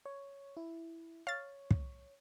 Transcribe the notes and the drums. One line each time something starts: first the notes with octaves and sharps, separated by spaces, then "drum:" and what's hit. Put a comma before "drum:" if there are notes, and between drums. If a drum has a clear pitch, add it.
C#5
E4
C#5 F5 A6
drum: kick